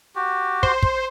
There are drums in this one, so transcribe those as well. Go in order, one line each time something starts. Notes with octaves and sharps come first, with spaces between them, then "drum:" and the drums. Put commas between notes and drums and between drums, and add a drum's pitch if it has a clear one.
F#4 G4
C5, drum: kick
drum: kick